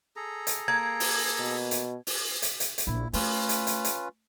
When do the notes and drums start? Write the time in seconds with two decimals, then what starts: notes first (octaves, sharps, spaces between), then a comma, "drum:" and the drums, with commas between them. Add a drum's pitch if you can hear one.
0.16 G#4 A4 A#5
0.47 drum: hi-hat
0.68 A#3 G#6
1.00 drum: open hi-hat
1.40 B2
1.71 drum: hi-hat
2.07 drum: open hi-hat
2.42 drum: hi-hat
2.60 drum: hi-hat
2.78 drum: hi-hat
2.87 A#1 E4
3.13 A3 C#4 F4 B4, drum: open hi-hat
3.49 drum: hi-hat
3.67 drum: hi-hat
3.85 drum: hi-hat